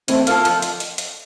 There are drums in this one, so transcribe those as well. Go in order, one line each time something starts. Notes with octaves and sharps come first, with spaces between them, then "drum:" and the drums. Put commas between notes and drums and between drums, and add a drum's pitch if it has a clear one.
E3 A3 C4, drum: hi-hat
A#3 F4 A4, drum: hi-hat
F3, drum: hi-hat
drum: hi-hat
drum: hi-hat
drum: hi-hat